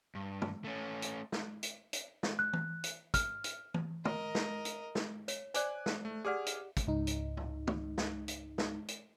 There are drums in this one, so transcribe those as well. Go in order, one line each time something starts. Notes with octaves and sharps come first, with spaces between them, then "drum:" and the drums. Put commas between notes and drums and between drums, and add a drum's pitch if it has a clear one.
G2
drum: tom
A3 C#4
drum: hi-hat
drum: snare
drum: hi-hat
drum: hi-hat
drum: snare
F#6
drum: tom
drum: hi-hat
F6, drum: kick, hi-hat
drum: hi-hat
drum: tom
A#4 D#5, drum: tom
drum: snare
drum: hi-hat
drum: snare
C#5, drum: hi-hat
C5 D5 G#5 D6 F#6, drum: hi-hat
drum: snare
A3
G4 G#4 D5 F#5 D6 F6
drum: hi-hat
drum: kick, hi-hat
C#2 G#2 D#4
drum: hi-hat
drum: tom
drum: tom
drum: snare
drum: hi-hat
drum: snare
drum: hi-hat